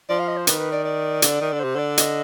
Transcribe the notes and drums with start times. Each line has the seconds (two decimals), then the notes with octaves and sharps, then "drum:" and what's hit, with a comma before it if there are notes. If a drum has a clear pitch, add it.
0.09 F3 D5
0.19 F5
0.28 D#5
0.37 C5
0.47 D#3 B4, drum: hi-hat
0.59 B4
0.72 D5
0.85 D5
1.22 D3, drum: hi-hat
1.41 D#3
1.53 D3
1.60 C3 C5
1.76 D3 D5
1.98 D#5, drum: hi-hat